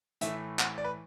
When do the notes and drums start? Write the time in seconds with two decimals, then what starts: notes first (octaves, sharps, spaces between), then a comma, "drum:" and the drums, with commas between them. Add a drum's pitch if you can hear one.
0.21 A2 E3 A3 E5, drum: hi-hat
0.59 F#5, drum: clap
0.78 D5
0.84 B4